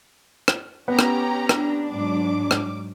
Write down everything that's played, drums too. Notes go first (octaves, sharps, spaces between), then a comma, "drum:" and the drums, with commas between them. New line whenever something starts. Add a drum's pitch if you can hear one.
drum: rim click
B3 C#4 G4 A#5
drum: rim click
D4, drum: rim click
G#2 F#3 D6
drum: rim click